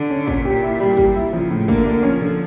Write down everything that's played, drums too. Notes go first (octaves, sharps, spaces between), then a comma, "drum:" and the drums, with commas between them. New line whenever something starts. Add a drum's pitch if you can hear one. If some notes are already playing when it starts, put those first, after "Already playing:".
Already playing: D3
C#4
A#2 C#4, drum: kick
G4
E4
G3
G3, drum: kick
E4
C#3 F3
A2
D3 A#3, drum: kick
A#3
F3 C#4
D3